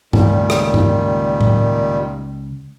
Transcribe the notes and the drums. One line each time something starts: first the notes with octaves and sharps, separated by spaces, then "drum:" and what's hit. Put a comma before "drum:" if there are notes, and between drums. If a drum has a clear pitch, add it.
C#2 A#2 D#3 G3, drum: tom G2
drum: rim click
drum: tom G2
drum: tom A2